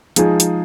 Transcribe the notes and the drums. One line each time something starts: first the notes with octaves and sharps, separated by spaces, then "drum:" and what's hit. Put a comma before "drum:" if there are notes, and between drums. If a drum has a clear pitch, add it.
F3 G#3 D#4 G#4, drum: hi-hat
drum: hi-hat